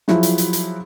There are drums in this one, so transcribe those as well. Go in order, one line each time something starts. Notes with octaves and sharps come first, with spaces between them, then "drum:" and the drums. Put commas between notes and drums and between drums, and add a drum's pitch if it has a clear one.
F3 F#3 E4 F#4 G#4, drum: snare
drum: hi-hat
drum: hi-hat
drum: hi-hat